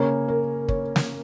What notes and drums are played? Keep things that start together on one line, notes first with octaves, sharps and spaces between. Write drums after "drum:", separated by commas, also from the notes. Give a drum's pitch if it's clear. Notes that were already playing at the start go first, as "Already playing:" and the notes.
Already playing: C#3 A#3 C#4 C#5
A#4
C#5, drum: kick
drum: snare